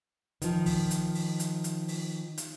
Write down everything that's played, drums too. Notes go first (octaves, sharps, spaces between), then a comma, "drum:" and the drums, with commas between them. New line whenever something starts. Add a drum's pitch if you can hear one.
D#3 F3, drum: hi-hat
drum: kick, open hi-hat
drum: hi-hat
drum: open hi-hat
drum: hi-hat
drum: hi-hat
drum: open hi-hat
drum: hi-hat